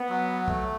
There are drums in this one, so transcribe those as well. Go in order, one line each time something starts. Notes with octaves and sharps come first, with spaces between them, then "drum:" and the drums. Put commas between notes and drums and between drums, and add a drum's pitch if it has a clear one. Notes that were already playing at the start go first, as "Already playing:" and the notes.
Already playing: B3
F#3
A3, drum: kick